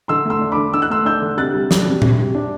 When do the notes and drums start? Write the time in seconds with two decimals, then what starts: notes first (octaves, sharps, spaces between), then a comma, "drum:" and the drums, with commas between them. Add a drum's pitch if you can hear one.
0.08 D3 C6 E6
0.25 A3 C6 E6
0.41 D4
0.52 D3 B5 D6
0.73 D3 E6
0.82 F#6
0.90 A3 C6 E6
1.05 D4 E6 G6
1.22 D3
1.37 C3 F#6 A6
1.54 G3
1.71 D4, drum: snare
1.86 C3
2.02 C3, drum: tom A#2
2.19 G3
2.35 D4